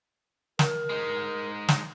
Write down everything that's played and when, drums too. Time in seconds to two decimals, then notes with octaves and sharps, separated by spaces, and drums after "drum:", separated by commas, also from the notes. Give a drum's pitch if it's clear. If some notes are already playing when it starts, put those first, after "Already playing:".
0.59 A#4, drum: snare
0.89 G#3 D#4
1.69 drum: snare